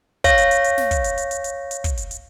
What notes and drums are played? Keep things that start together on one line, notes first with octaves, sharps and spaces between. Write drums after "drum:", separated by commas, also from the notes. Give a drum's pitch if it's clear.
C#5 F5 A#6, drum: kick, hi-hat
drum: hi-hat
drum: hi-hat
drum: hi-hat
drum: snare
drum: kick, hi-hat
drum: hi-hat
drum: hi-hat
drum: hi-hat
drum: hi-hat
drum: hi-hat
drum: kick, hi-hat
drum: hi-hat
drum: hi-hat